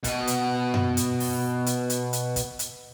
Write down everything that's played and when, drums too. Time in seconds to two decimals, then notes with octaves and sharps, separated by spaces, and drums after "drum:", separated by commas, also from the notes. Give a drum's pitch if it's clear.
0.04 B2 D#5, drum: kick, hi-hat
0.27 drum: hi-hat
0.74 drum: tom F#2
0.97 drum: hi-hat
1.20 drum: open hi-hat
1.66 drum: hi-hat
1.90 drum: hi-hat
2.13 drum: hi-hat
2.36 drum: kick, hi-hat
2.59 drum: hi-hat